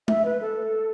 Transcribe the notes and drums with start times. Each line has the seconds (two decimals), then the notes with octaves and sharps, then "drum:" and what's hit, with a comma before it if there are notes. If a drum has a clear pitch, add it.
0.08 E5, drum: tom
0.25 B4
0.41 A4